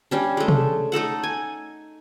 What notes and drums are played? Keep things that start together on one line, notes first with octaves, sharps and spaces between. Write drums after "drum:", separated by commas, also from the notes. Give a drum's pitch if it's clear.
G3 C#4 D4
G#3 A3
drum: tom C3
A3 D#4 A4 F#5
G#5